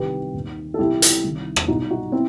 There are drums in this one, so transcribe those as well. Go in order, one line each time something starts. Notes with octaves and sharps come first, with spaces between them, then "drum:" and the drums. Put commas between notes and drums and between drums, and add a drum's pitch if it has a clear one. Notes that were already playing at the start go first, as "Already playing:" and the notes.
Already playing: C2 C3 D#3 G4 B4
D#2 D#3
A4
C2 C3 E3 E4 G4
drum: hi-hat
C2 C3 D#3
drum: rim click
C2 B2 D#4 F#4
D#4 F#4
C4 E4